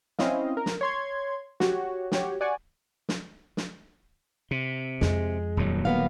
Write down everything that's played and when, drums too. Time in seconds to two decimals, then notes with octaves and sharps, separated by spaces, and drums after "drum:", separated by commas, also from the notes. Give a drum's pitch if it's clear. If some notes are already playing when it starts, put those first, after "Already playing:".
0.19 C4 C#4 E4 D#5 F5, drum: snare
0.57 A#4
0.66 drum: snare
0.81 C#5 C6 G#6
1.60 F#4 G4 C#5, drum: snare
2.12 F#4 G4 C#5, drum: snare
2.41 D5 F#5 G#5 C#6
3.09 drum: snare
3.57 drum: snare
4.51 C3
5.01 F2 G#3, drum: snare
5.57 D#1 D#2 F#3
5.85 A#3 B3 F5